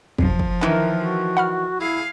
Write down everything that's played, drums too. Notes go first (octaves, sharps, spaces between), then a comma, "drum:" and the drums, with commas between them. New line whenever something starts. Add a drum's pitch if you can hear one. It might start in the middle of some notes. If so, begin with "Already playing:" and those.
B1 F2 F3, drum: kick
drum: kick
D#3 E3 A#4, drum: clap
F#4
F#5 B5 F6
E4 G#4 F5